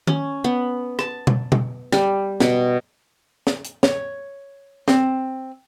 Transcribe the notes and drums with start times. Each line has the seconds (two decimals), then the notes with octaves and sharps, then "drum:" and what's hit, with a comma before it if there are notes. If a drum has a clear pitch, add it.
0.07 C#4, drum: tom D#3
0.44 B3
0.99 A5, drum: rim click
1.27 drum: tom B2
1.52 drum: tom B2
1.92 G3, drum: snare
2.40 B2, drum: snare
3.47 drum: snare
3.64 drum: hi-hat
3.83 C#5, drum: snare
4.88 C4, drum: snare